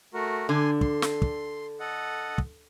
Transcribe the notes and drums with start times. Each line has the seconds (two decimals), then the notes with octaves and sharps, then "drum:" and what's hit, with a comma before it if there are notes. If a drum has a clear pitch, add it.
0.14 A3 F#4 A#4
0.49 D3 G#5 C6
0.81 C6, drum: kick
1.02 drum: snare
1.22 drum: kick
1.80 A4 D#5 F#5
2.38 drum: kick